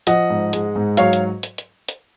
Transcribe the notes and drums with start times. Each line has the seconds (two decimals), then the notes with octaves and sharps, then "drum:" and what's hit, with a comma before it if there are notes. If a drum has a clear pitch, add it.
0.07 F3 D#5 F#5, drum: hi-hat
0.30 G#2
0.53 G#3, drum: hi-hat
0.76 G#2
0.97 F#3 C#5 F5, drum: hi-hat
1.13 drum: hi-hat
1.43 drum: hi-hat
1.58 drum: hi-hat
1.89 drum: hi-hat